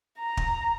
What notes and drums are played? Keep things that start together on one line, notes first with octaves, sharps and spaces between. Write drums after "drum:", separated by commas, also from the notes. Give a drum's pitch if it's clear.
A#5
drum: kick